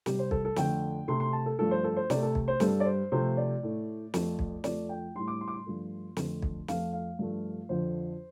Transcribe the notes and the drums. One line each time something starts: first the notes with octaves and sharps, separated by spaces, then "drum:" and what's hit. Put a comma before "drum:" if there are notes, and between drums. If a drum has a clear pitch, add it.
C3 G3 G4, drum: snare
C5
A4, drum: kick B1
A4
F2 D3 A3 G5, drum: snare
C3 A3 C6
C6
A5
A4
G2 F3 A3 A4
C5
A4
C5
C3 A3 D5, drum: snare
A4
drum: kick B1
C5
G2 G3 A4, drum: snare
D5
C5
C3 F3 A3 C5
D5
A2 A3
F2 F3 A3, drum: snare
drum: kick B1
F2 F3 A3 D5, drum: snare
G5
A2 G3 C6
D6
C6
D6
C6
G2 F3 A3
F2 D3 A3, drum: snare
drum: kick B1
F2 F3 A3 F5, drum: snare
F5
G2 F3 A3
F2 D3 F3 C5